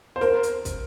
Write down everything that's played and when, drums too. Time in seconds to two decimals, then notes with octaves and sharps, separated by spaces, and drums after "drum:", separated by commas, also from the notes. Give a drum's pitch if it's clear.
0.16 C5
0.21 A#4, drum: snare
0.43 drum: hi-hat
0.65 drum: kick, hi-hat